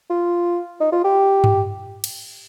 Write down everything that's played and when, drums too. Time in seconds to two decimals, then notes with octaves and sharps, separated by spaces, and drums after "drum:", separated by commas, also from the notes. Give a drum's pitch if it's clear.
0.10 F4
0.81 D#4
0.93 F4
1.04 G4
1.44 drum: tom G2
2.04 drum: cymbal